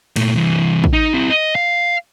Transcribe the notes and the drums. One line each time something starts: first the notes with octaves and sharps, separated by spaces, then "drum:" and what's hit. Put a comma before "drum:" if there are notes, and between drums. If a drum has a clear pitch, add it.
A#2 A3, drum: cymbal
C2 E3
drum: kick
D#4
C4 E4
D#5
F5